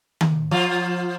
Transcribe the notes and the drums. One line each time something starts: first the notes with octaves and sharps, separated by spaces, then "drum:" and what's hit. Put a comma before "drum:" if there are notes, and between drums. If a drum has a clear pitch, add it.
drum: tom D#3
F3 F4